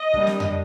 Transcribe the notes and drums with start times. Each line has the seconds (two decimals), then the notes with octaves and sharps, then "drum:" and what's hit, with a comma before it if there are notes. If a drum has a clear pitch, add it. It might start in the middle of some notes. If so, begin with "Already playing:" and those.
Already playing: D#5
0.14 G3 A#3 D4, drum: kick
0.27 drum: snare
0.40 drum: tom F2